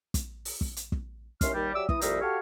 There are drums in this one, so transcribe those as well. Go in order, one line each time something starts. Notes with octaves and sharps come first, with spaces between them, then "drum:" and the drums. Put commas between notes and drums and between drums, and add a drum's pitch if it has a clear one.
drum: kick, hi-hat
drum: open hi-hat
drum: kick
drum: hi-hat
drum: kick
D#2 C#4 E4 C6 F6, drum: kick, hi-hat
D#2 G3
F#3 G4 D5 E5 D6 E6
E3 D#6, drum: kick
C2 F2 G3 A#3 D#4 E5, drum: hi-hat
F#4 G4 A4 C#5 F5